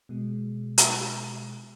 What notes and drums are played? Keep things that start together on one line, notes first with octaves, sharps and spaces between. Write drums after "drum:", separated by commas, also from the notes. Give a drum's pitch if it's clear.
B2 G#3
drum: hi-hat